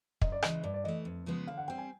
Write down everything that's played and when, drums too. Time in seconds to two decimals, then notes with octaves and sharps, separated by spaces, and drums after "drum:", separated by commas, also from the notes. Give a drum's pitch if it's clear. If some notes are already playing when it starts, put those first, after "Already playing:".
0.21 F#2 D#5, drum: kick
0.32 D5
0.42 C#3 E3 G#3 D#5, drum: rim click
0.63 G2 D5
0.74 D5
0.84 E3 A3 D#5
1.05 F2
1.26 C#3 F3 G#3 B3
1.47 D3 F5
1.57 F#5
1.68 G3 C4 G5
1.78 G#5